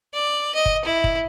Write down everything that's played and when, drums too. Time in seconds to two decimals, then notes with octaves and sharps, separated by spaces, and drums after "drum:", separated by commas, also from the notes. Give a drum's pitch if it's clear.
0.14 D5
0.55 D#5
0.66 drum: kick
0.85 E4
1.04 drum: kick